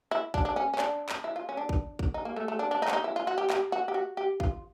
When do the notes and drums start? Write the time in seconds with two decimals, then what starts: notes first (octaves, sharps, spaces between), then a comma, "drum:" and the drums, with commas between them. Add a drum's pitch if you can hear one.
0.11 E4
0.34 D4, drum: kick
0.45 D4
0.56 C#4
0.74 C#4
0.79 D4, drum: clap
1.09 drum: clap
1.24 E4
1.36 F4
1.49 C#4
1.57 D4
1.69 drum: kick
1.99 drum: kick
2.14 D#4
2.25 A#3
2.36 A3
2.48 A3
2.59 D4
2.71 D4
2.82 D#4
2.88 D4, drum: clap
2.93 D#4
3.04 E4
3.16 F4
3.27 F#4
3.38 G4
3.50 G4, drum: clap
3.72 F#4
3.88 G4
3.94 F#4
4.17 G4
4.40 F4, drum: kick